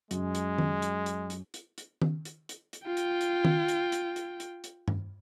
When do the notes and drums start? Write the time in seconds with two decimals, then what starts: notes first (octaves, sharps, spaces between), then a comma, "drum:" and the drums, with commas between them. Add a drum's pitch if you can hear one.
0.11 F#2 G#3, drum: hi-hat
0.35 drum: hi-hat
0.58 drum: tom D#3
0.82 drum: hi-hat
1.06 drum: hi-hat
1.30 drum: hi-hat
1.54 drum: hi-hat
1.78 drum: hi-hat
2.02 drum: tom D#3
2.25 drum: hi-hat
2.49 drum: hi-hat
2.73 drum: hi-hat
2.86 F4 G5
2.97 drum: hi-hat
3.21 drum: hi-hat
3.45 drum: tom D#3
3.68 drum: hi-hat
3.92 drum: hi-hat
4.16 drum: hi-hat
4.40 drum: hi-hat
4.64 drum: hi-hat
4.88 drum: tom G2